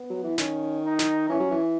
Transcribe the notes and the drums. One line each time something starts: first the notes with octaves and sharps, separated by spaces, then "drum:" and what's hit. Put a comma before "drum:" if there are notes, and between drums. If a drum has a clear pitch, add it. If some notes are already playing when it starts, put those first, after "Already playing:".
Already playing: B3
F#3
E3
D#3 C#4, drum: snare
D#4
drum: snare
E3 C#4
F#3
E3